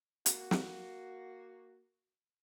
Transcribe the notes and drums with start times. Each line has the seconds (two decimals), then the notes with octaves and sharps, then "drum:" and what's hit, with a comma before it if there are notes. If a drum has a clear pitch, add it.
0.26 A#3 F#4, drum: hi-hat
0.51 drum: snare